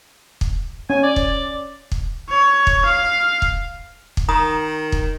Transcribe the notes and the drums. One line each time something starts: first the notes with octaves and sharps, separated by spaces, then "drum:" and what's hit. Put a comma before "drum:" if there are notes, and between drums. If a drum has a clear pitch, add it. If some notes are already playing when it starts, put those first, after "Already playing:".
drum: kick
C#4 G#5
D5
drum: kick
drum: kick
C#5
drum: kick
F5
drum: kick
drum: kick
D#3 A#5 D#6
drum: kick